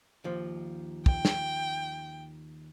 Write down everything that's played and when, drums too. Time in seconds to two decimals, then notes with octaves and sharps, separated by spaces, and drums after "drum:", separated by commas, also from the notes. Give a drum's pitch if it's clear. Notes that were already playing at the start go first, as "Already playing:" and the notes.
0.24 D#2 F3
1.06 G5, drum: kick
1.25 drum: snare